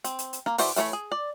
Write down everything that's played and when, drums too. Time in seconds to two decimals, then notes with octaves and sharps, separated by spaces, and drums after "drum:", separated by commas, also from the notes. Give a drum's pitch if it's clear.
0.04 C4, drum: hi-hat
0.19 drum: hi-hat
0.33 drum: hi-hat
0.46 A#3, drum: rim click
0.58 E3 F#4 C5 D5 E5, drum: open hi-hat
0.76 E3 A3 D4 C#5 B5, drum: hi-hat
0.93 G#4
1.12 D5